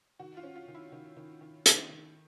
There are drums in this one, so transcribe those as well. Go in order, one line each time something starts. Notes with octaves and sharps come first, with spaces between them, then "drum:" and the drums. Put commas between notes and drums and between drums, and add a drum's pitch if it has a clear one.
D#3 F#4
F4
C#4
F4
D#3
E4
D#3
D#3
D#3
D#3, drum: hi-hat
D#3